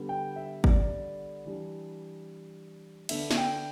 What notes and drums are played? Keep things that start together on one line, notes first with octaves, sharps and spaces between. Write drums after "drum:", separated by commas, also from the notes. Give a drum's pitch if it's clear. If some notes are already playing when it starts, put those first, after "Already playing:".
Already playing: D3 G3 B3
G5
E5
D5, drum: kick G#1
E3 G3 D4
D3 B3 D4 E5, drum: cymbal
E5, drum: snare
G5